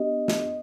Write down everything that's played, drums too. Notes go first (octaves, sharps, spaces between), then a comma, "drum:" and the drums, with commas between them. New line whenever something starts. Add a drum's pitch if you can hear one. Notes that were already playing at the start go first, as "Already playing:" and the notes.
Already playing: B3 D4 G4 D#5
drum: snare